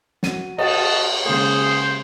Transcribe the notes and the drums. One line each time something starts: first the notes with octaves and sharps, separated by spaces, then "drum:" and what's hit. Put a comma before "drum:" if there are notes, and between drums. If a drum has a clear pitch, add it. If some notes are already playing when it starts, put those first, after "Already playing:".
F#4 D#7, drum: snare
F#4 D#5 A5, drum: cymbal
C#3 G#3 A#3 G#4 C5